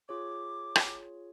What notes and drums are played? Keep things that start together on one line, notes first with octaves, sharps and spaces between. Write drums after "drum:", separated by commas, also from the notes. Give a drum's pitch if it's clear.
F4 G#4 C#5 D6
drum: rim click